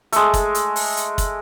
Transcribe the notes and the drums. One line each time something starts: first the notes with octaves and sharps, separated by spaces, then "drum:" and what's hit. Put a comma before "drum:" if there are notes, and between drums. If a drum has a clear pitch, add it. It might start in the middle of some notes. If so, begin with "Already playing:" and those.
G#3 A3, drum: hi-hat
drum: kick, hi-hat
drum: hi-hat
drum: open hi-hat
drum: hi-hat
drum: kick, hi-hat